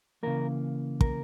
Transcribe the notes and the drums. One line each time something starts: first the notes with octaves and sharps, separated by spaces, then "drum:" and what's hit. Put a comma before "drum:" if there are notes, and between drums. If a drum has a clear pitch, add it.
C#3 E3 A#3 A#4
A#4, drum: kick